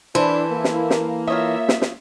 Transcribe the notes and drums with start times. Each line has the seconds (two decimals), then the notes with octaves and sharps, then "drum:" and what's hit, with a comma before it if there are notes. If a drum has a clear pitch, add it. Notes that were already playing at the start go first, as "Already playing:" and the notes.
0.15 E3 D4 E4 A4 C5
0.51 A#3
0.64 drum: snare
0.90 drum: snare
1.27 F4 C#5 D#5 E5
1.69 drum: snare
1.82 drum: snare